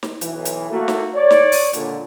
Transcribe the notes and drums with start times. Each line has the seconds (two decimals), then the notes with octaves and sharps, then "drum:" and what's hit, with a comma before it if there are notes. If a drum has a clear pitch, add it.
0.03 drum: snare
0.21 B1 E3, drum: hi-hat
0.45 drum: hi-hat
0.70 A3 A#3 F#4
0.88 drum: snare
1.15 C#5 D5
1.31 drum: snare
1.52 drum: open hi-hat
1.73 C#2 A#2 D3, drum: hi-hat